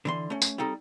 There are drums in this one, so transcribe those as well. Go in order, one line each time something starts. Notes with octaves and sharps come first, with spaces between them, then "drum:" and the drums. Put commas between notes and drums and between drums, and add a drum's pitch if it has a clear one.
D3 E3 C6
A3 C#4
drum: tambourine
G3 C4 D#4 A4